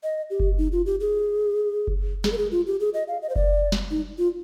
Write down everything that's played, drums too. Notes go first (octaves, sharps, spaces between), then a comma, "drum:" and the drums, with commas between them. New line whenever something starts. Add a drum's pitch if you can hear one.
D#5
G4
drum: kick F#1
D#4
F4
G4
G#4
drum: kick F#1
G#4, drum: snare
A#4
G#4
F4
G4
G#4
D#5
F5
D#5
C5
D5, drum: kick F#1
drum: snare
D#4
F4